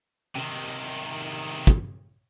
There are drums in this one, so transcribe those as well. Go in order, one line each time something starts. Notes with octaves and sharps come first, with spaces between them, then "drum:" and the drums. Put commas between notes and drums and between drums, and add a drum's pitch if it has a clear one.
C3 D#3, drum: hi-hat
drum: kick